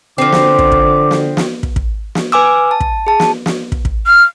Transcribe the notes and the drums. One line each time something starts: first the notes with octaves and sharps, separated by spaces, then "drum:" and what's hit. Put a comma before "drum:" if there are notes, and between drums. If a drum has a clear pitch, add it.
D3 F3 B3 C4 D6
drum: snare
drum: kick
drum: kick
drum: snare
drum: snare
drum: kick
drum: kick
drum: snare
B4 G#5 D6 E6
A5
drum: kick
G#4 A5
drum: snare
drum: snare
drum: kick
drum: kick
F6